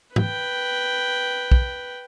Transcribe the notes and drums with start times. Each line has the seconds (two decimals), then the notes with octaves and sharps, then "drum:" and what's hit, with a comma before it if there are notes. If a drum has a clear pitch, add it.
0.16 B4 G5, drum: tom G#2
1.52 drum: kick